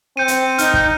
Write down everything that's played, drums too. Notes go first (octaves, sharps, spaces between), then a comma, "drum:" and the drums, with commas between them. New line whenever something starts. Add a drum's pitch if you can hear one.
C4 G6 C#7 D#7
drum: hi-hat
D#4 F6, drum: hi-hat
drum: kick